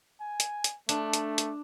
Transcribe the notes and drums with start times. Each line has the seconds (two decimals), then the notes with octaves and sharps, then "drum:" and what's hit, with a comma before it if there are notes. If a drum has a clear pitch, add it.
0.21 G#5
0.40 drum: hi-hat
0.64 drum: hi-hat
0.89 A3 D4, drum: hi-hat
1.13 drum: hi-hat
1.38 drum: hi-hat